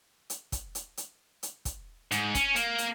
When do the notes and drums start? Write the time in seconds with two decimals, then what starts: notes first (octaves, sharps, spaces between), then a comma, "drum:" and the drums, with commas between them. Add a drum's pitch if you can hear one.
0.30 drum: hi-hat
0.52 drum: kick, hi-hat
0.75 drum: hi-hat
0.97 drum: hi-hat
1.43 drum: hi-hat
1.65 drum: kick, hi-hat
2.11 G#2, drum: hi-hat
2.35 C#4, drum: kick, hi-hat
2.56 A#3, drum: hi-hat
2.78 drum: hi-hat